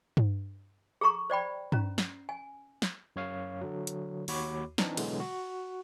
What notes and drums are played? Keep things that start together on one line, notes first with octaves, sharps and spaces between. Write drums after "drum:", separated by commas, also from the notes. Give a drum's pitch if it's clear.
drum: tom G2
G#4 A4 A#5 C#6
C5 D5 G5 B5
C#4 A#5, drum: tom G2
F#5, drum: snare
G#5
drum: snare
F#2 C#5 F5
D3 F#3
drum: hi-hat
D#2 F#4 C#5 B5 D6, drum: open hi-hat
E3 C4 D4 D#4, drum: snare
B2 D3 E3 F#3 G#3, drum: cymbal
F#4